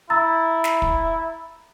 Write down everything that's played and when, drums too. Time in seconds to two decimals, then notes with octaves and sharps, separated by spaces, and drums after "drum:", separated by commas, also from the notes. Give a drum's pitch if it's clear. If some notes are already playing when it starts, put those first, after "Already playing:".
0.10 E4 A#5 E6 A6
0.64 drum: snare
0.82 drum: kick